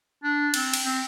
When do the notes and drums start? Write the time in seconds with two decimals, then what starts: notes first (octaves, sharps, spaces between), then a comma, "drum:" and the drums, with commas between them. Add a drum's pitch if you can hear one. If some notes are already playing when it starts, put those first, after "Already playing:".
0.24 D4
0.54 C4, drum: cymbal
0.74 drum: cymbal
0.85 C4